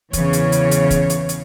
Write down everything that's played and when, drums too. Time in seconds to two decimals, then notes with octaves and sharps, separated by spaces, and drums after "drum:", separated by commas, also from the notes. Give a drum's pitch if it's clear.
0.13 E2 C#3 E3 C#5, drum: kick, hi-hat
0.33 drum: hi-hat
0.52 drum: hi-hat
0.71 drum: hi-hat
0.90 drum: kick, hi-hat
1.10 drum: hi-hat
1.29 drum: hi-hat